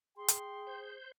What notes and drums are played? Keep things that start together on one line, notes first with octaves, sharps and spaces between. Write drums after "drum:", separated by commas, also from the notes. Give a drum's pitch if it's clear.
G#4 G5 C6
drum: hi-hat
C5 G6